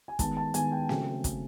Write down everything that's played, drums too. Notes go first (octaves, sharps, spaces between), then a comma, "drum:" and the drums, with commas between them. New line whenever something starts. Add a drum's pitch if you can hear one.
G#5
D#3 G#3 B3 A5, drum: kick, hi-hat
A5
D#3 G#3 B3 G#5, drum: hi-hat
G5
C#3 F#3 A3 C4 G5, drum: snare
drum: kick, hi-hat